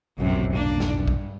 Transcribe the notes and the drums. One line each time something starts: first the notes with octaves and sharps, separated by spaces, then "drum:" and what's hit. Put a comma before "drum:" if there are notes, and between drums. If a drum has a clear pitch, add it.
F1 B1 F#2 C3
A#3 D4
drum: snare
G2
drum: kick A#1